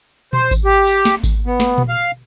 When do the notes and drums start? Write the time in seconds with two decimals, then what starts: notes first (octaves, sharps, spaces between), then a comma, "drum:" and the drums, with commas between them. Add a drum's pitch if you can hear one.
0.33 C5, drum: tom A#2
0.51 drum: kick G#1, tambourine
0.65 G4
0.87 drum: tambourine
1.05 drum: snare
1.24 drum: kick G#1, tambourine
1.46 B3
1.60 drum: snare
1.78 drum: tom A#2
1.89 F5